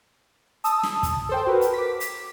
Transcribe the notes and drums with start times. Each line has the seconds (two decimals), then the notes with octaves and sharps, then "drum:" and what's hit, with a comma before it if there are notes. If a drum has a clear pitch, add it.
0.64 A5 D#6 E6, drum: hi-hat
0.83 drum: snare
1.03 drum: kick, hi-hat
1.29 A4 C5 G5
1.46 F#4 A#4 B4
1.61 drum: hi-hat
1.73 D6 B6
2.00 drum: hi-hat